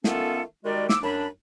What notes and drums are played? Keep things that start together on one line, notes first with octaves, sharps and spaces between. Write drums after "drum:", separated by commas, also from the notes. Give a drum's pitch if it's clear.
D#3 A3 B3 C#4 F4 A4, drum: snare
D#3 G3 G#3 F#4 A#4 D5
D6 E6, drum: snare
F#2 D4 B5